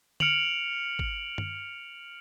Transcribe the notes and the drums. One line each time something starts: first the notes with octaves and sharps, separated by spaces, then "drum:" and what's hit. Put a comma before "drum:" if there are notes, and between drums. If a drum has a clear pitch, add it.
F6 C#7 D7 F7 F#7, drum: tom D3
drum: kick
drum: tom G2